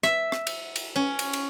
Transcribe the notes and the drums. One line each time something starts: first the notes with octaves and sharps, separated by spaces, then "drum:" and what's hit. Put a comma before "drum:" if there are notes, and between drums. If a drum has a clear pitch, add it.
E5, drum: rim click
drum: rim click
drum: cymbal
drum: cymbal
C#4
drum: cymbal
drum: cymbal